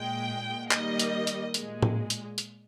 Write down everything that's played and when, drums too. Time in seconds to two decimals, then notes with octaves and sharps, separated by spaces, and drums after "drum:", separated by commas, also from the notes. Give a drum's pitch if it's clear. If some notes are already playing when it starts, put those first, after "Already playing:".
Already playing: A#2 G#3 G5
0.71 D#3 G3 A#3 D#5, drum: clap
0.99 drum: hi-hat
1.27 drum: hi-hat
1.54 A#2 G#3, drum: hi-hat
1.82 drum: tom A2
2.10 drum: hi-hat
2.38 drum: hi-hat